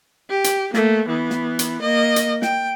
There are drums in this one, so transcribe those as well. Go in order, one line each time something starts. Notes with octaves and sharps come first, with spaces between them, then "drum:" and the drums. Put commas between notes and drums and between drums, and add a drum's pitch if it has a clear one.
G4
drum: hi-hat
A3 A#3, drum: snare
E3 B3
drum: snare
drum: hi-hat
A#3 D#5
drum: hi-hat
G5, drum: snare